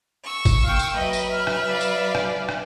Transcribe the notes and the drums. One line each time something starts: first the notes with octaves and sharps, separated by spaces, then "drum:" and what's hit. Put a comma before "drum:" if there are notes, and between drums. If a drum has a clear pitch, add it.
C#6 E6
drum: kick, tambourine
A#3 F5 G5
drum: tambourine
F#3 B4 D#5 E5
drum: tambourine
F6
drum: rim click
D5 F5
drum: tambourine
drum: rim click
drum: rim click